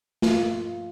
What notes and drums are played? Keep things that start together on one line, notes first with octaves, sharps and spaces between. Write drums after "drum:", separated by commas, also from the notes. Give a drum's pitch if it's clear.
F4, drum: snare